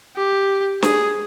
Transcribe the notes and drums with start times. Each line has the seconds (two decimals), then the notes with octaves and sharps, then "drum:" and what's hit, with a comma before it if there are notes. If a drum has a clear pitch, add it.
0.16 G4
0.82 G#4, drum: snare